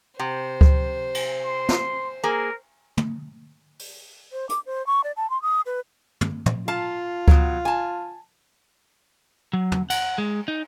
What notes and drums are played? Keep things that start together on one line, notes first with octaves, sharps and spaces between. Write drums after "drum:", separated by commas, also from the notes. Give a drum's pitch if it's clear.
C3 C5
drum: kick C#2
drum: cymbal
C6
drum: snare
A#3 G#4 A#4
drum: tom
drum: open hi-hat
C5
D6, drum: hi-hat
C5
C#6
D5
A5
C6
D#6
B4
drum: tom
drum: tom
F4 F5 A5
F#3 B3, drum: kick C#2
G#5 A5
F#3
drum: tom
F#5, drum: cymbal
G#3
D#4